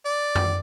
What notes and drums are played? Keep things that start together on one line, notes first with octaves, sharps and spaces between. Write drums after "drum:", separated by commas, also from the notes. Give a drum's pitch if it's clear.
D5
drum: tom F#2